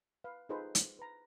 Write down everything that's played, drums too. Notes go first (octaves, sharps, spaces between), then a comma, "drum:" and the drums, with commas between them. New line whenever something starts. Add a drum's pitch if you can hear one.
B4 F5
D#4 F4 G#4 A4 B4 C5
drum: hi-hat
B4 A#5